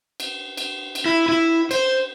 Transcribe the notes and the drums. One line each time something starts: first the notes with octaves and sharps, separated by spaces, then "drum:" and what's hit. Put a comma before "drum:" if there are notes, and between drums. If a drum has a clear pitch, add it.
drum: cymbal
drum: cymbal
drum: cymbal
E4
E4
C5, drum: cymbal